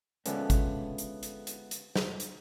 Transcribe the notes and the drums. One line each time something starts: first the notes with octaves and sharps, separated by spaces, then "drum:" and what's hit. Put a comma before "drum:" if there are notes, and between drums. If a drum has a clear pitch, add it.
D3 F3 G#3 A3 B3 C#4, drum: hi-hat
drum: kick G#1, hi-hat
drum: hi-hat
drum: hi-hat
drum: hi-hat
drum: hi-hat
drum: snare
drum: hi-hat